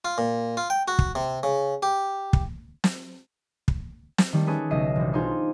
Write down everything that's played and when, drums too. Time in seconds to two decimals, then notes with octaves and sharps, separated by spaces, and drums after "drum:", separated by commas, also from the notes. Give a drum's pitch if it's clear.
0.05 F4
0.18 A#2
0.57 F4
0.70 G5
0.88 F#4
0.99 drum: kick
1.15 C3
1.43 C#3
1.83 G4
2.33 drum: kick
2.84 drum: snare
3.68 drum: kick
4.18 drum: snare
4.33 D#3 G3 A3
4.47 C#4 G#4 A4 B4
4.71 B1 C#3 G3 D#5 E5 C7
4.96 E1 G3
5.13 D4 D#4 F4 G#4 C5